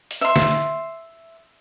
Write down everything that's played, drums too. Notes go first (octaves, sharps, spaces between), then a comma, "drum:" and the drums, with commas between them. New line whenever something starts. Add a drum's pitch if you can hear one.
drum: hi-hat
E5 C6
drum: snare